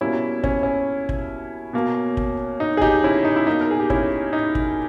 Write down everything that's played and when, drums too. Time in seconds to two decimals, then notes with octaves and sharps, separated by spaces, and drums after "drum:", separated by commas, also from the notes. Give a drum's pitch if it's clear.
0.01 B2 G3 A#3 C#4 E4
0.44 C#4, drum: kick
0.63 C#4
1.09 drum: kick
1.73 B2 A#3
2.17 drum: kick
2.60 D#4
2.77 G#4
2.81 D#4 G4, drum: kick
3.04 C#4 E4
3.25 D#4
3.36 E4
3.47 B2 A#3 D#4
3.61 A#4
3.71 G#4
3.80 G4
3.90 C#4 E4, drum: kick
4.33 D#4
4.55 drum: kick